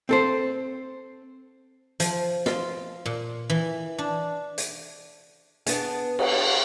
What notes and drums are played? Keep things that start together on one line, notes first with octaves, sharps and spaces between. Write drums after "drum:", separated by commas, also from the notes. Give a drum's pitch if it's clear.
C4 A4 C5
F3, drum: hi-hat
F4, drum: snare
A#2
E3
D4
drum: hi-hat
B3 D4 G#4, drum: hi-hat
drum: cymbal